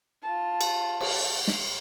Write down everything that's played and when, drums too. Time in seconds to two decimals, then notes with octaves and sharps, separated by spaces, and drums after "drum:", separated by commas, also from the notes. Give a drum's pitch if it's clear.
0.24 F4 A5
0.61 drum: cymbal
1.01 drum: cymbal
1.47 drum: snare